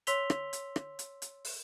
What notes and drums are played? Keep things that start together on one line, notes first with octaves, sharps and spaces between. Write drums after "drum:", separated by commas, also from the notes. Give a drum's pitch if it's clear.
C#5 C6 E6 B6 F7 G7, drum: hi-hat
drum: rim click
drum: hi-hat
drum: rim click
drum: hi-hat
drum: hi-hat
drum: open hi-hat